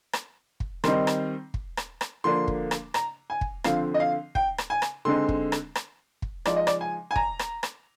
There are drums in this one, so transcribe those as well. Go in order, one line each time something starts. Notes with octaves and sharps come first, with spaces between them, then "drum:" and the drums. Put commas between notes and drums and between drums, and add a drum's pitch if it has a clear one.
drum: rim click
drum: kick
D#3 G3 C4 D#4 C6, drum: rim click
drum: rim click
drum: kick
drum: rim click
drum: rim click
D3 F3 A#3 D4 C6
drum: kick
drum: rim click
A#5, drum: rim click
G#5
drum: kick
D3 F3 C4 F5, drum: rim click
D#5
F5
G5, drum: kick
drum: rim click
G#5
drum: rim click
D3 G#3 C4 D#4 C6
drum: kick
drum: rim click
drum: rim click
drum: kick
F3 G#3 D#4 D5, drum: rim click
D#5
D5, drum: rim click
G#5
G#5
A#5, drum: kick
drum: rim click
drum: rim click